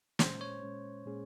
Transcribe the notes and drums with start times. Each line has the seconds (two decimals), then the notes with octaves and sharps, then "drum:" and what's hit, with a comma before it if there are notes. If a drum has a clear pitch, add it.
0.19 A#2 G#3 C#4 C5, drum: snare
0.41 C#5
0.62 A#2 G#3 C#4
1.06 A#2 G#3 C#4 G#4